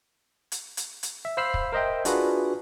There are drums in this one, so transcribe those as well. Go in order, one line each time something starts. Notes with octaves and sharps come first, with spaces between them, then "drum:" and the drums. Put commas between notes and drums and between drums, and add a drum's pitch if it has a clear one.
drum: hi-hat
drum: hi-hat
drum: hi-hat
E5
C5 F5 B5 E6 C7
drum: kick
A#4 C5 D#5 E5 G5
D4 F4 F#4 G#4 B4, drum: hi-hat